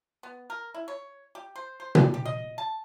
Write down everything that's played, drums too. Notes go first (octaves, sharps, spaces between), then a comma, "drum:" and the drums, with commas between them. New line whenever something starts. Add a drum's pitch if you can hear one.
B3
A#4
E4
C#5
G4
C5
C5
D5, drum: tom B2
G4
D#5
A5